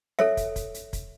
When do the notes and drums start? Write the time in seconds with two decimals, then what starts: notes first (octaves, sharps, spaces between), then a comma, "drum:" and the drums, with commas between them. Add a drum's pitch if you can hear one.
0.19 A4 C#5 E5, drum: snare
0.37 drum: kick, hi-hat
0.56 drum: kick, hi-hat
0.74 drum: hi-hat
0.93 drum: kick, hi-hat